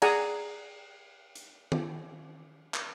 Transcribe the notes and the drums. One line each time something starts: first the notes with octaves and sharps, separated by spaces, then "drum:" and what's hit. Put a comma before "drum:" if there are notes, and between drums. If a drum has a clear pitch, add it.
G#4 D5 F#5 G#5 A#5, drum: cymbal
drum: hi-hat
drum: tom
drum: clap